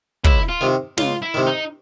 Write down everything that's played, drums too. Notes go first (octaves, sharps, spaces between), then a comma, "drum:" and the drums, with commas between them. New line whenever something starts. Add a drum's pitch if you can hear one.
C#2 E4, drum: kick
F4
C3 D#3
C#2 F4, drum: snare
E4
C3 D#3
D#4